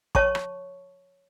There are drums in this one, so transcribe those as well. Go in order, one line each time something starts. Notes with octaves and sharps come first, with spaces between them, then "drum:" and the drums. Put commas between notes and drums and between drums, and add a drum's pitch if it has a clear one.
C#5 A5 C#6, drum: kick
drum: rim click